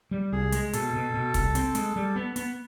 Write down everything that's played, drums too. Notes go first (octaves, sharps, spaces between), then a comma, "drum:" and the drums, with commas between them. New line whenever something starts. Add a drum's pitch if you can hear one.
G3
C2 G#4
G#3, drum: hi-hat
B2 A4, drum: hi-hat
B2
B2
C2, drum: kick, hi-hat
C4, drum: hi-hat
G#3, drum: hi-hat
G3
B3
B3, drum: hi-hat